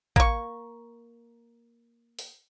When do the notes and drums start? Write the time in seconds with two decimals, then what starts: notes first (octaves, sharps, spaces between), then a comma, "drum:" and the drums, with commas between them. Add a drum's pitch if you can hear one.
0.16 A#3 C#6, drum: kick A1
2.19 drum: open hi-hat